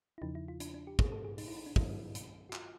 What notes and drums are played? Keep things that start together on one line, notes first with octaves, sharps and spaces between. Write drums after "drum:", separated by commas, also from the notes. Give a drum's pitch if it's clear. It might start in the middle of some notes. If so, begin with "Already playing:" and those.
E4
E2 C#3 F3 D#4
E4
F4
D4, drum: hi-hat
D4
G4
G#4, drum: kick
A4
G#4
D#4, drum: open hi-hat
E4
D#4
D4
G2 D#3 F#3 E4, drum: kick
drum: hi-hat
F#4
F4, drum: clap